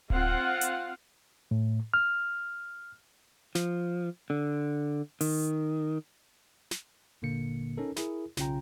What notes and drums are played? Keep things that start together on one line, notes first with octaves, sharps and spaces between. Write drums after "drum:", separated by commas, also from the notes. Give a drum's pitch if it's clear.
C4 F4 F5 F#5, drum: kick D1
drum: hi-hat
A2
F6
F3, drum: snare
D3
D#3, drum: open hi-hat
drum: snare
G1 A#2 D3 A#3 C#7
C#4 D#4 A4 A#4
E4 G#4 A#4, drum: snare
B1 C#3 C#4 F4 G5 A#5, drum: snare